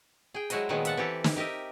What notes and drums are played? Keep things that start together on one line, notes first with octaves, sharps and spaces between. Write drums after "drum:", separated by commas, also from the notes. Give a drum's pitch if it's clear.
G#4 G5
F#3 G#3 E4 F#4 C5 D#5, drum: hi-hat
A#2 D#3 F3 F#3 G#3 B3
E5 F#5 A5, drum: hi-hat
E3 C4 G4 A4
drum: snare
D#4 G4 A#4 D#5 E5